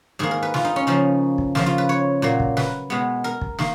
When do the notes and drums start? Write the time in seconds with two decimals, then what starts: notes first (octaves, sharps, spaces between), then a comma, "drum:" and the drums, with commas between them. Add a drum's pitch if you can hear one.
0.19 G#2 D#3 A#3 G#4
0.31 A#4
0.43 B4
0.54 F4, drum: snare
0.65 D#4
0.76 C#4
0.87 C#3 F3 A#3 D#4
1.38 drum: kick
1.55 C#3 F3 A#3 F4, drum: snare
1.66 F4
1.78 B4
1.89 C#5
2.22 A#2 F#3 A#3
2.40 drum: kick
2.57 B4, drum: snare
2.90 B2 G#3 B3
3.24 A#4
3.41 drum: kick
3.59 D#3 A#3, drum: snare